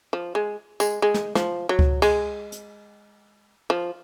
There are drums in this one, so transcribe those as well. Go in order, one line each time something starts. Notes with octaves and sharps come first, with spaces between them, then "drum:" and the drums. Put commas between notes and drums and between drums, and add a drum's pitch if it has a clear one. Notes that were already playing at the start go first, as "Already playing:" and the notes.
F3
G#3
G#3, drum: tambourine
G#3
drum: snare
F3, drum: snare
F#3
drum: kick C#2
G#3, drum: cymbal
drum: hi-hat
F3